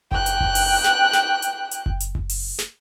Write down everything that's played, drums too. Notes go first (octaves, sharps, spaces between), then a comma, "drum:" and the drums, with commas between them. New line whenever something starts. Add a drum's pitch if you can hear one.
G5 F#6, drum: kick F#1
drum: hi-hat
drum: kick F#1
drum: open hi-hat
drum: snare
drum: snare
drum: hi-hat
drum: hi-hat
drum: kick F#1
drum: hi-hat
drum: kick F#1
drum: open hi-hat
drum: snare